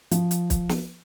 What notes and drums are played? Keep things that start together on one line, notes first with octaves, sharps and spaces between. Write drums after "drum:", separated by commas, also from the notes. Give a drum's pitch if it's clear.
F3, drum: hi-hat
drum: hi-hat
drum: kick, hi-hat
drum: snare